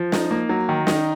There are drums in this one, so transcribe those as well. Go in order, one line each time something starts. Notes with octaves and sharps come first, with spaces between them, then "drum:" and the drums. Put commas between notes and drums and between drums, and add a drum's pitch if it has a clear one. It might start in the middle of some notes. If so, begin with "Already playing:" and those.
Already playing: F3
D#4, drum: snare
A#3
F#3
D#3
D#4, drum: snare